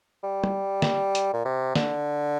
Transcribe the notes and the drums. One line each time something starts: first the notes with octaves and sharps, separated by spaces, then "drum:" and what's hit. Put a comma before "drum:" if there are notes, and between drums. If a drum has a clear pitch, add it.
G3
drum: tom
drum: snare
drum: hi-hat
A#2
C3
D3, drum: snare